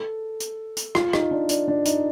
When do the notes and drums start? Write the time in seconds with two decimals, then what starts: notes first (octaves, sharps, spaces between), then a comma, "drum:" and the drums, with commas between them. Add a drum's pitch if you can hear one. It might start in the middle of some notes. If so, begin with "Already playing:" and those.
Already playing: A4
0.40 drum: hi-hat
0.77 drum: hi-hat
0.95 F4, drum: rim click
1.13 D#4, drum: rim click
1.31 D4
1.49 D4, drum: hi-hat
1.68 D4
1.85 D#4, drum: hi-hat